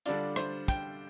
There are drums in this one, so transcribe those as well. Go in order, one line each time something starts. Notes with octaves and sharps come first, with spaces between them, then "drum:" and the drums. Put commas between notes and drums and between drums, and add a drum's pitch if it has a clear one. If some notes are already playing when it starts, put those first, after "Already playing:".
D3 G3 D4 F4 D5, drum: hi-hat
C5, drum: rim click
G5, drum: kick, hi-hat